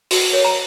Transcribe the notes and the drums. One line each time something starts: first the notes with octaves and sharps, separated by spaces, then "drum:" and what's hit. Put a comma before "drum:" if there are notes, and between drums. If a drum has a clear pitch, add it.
F#4, drum: open hi-hat
A#4 C#5
A#5